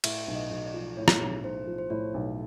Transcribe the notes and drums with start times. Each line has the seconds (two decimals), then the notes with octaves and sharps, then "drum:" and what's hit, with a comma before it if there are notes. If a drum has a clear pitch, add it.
0.04 A2 E5, drum: cymbal
0.28 B1
0.35 D#5
0.51 B1
0.66 D5
0.74 F3
0.97 A2 C#5
1.08 drum: rim click
1.21 B1
1.44 B1 C5
1.67 F3
1.78 C5
1.90 A2 C#5
2.14 B1